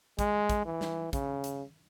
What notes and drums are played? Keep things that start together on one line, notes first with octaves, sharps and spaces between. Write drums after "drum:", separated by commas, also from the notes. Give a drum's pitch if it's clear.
G#3, drum: kick, hi-hat
drum: kick, hi-hat
E3
drum: snare
C#3, drum: kick, hi-hat
drum: hi-hat